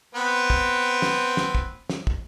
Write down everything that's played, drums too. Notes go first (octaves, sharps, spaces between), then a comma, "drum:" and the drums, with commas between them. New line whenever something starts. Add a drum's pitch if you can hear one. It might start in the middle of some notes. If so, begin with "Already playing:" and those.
B3 C4 B4
drum: kick
drum: snare
drum: snare
drum: kick
drum: snare
drum: kick